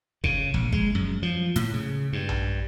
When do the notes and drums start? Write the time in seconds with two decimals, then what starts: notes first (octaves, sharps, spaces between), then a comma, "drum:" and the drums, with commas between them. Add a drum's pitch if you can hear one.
0.24 C#3, drum: kick
0.54 A#1
0.72 G#3, drum: kick
0.95 F#2
1.23 F3
1.56 A2, drum: hi-hat
1.74 C#3
2.13 G2
2.29 drum: tom A#1